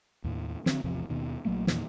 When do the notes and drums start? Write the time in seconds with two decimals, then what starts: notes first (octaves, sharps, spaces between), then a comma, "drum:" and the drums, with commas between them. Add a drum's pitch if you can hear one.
0.24 D#2 A2
0.66 D3 C4, drum: snare
0.84 A1 E2 C3 F3
1.10 D#2 B2 D#3
1.45 A#1 F#3 A3 A#3
1.67 E2 A#2 D#3, drum: snare